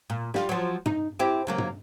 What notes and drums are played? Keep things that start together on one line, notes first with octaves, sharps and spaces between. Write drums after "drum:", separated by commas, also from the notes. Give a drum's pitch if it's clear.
A#2
G3 F4, drum: snare
F3 F#3
D#4, drum: tom
C4 E4 G4
C#3 F#3 A#3
drum: tom